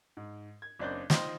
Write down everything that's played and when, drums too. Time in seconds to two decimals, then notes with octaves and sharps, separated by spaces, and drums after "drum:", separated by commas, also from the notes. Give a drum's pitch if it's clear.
0.17 G#2
0.62 G#6
0.79 F#1 C4 D4 D5 D#5 G6
1.10 D#4 F4 C5 D#5 G5 C6, drum: snare